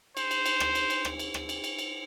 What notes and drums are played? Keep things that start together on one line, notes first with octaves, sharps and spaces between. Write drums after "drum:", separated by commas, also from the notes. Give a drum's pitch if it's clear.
C5, drum: cymbal
drum: cymbal
drum: cymbal
drum: rim click
drum: cymbal
drum: cymbal
drum: rim click
drum: cymbal
drum: rim click
drum: cymbal
drum: cymbal
drum: cymbal